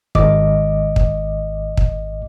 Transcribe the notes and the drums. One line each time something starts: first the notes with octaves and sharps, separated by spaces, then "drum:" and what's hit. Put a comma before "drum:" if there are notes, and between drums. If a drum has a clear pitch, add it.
G#1 D#5 D6, drum: kick
drum: kick
drum: kick